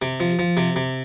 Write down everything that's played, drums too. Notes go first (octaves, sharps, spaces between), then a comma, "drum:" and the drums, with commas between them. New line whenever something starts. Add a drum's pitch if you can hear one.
C3, drum: tambourine
F3
drum: tambourine
F3
C3, drum: tambourine
C3